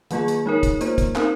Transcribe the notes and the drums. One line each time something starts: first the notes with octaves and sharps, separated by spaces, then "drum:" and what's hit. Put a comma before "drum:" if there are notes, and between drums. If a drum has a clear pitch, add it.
D#3 F#3 A#3 F4 G#4, drum: hi-hat
drum: hi-hat
G#3 D#4 A#4 C#5
drum: kick, hi-hat
A#3 F4 C5, drum: hi-hat
drum: kick, hi-hat
C4 D#4 A#4, drum: clap